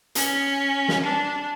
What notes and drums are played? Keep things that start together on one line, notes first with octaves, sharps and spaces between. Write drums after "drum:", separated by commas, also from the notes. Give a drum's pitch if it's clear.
C#4, drum: hi-hat
drum: snare
D4